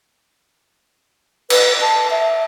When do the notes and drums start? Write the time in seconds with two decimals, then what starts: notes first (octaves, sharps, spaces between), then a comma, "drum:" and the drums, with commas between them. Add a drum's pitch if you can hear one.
1.50 B4, drum: cymbal
1.81 A5
2.10 E5